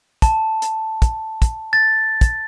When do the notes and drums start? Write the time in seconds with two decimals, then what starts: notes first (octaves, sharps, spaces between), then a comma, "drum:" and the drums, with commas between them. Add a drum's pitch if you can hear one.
0.22 A5, drum: kick, hi-hat
0.62 drum: hi-hat
1.02 drum: kick, hi-hat
1.42 drum: kick, hi-hat
1.73 A6
2.21 drum: kick, hi-hat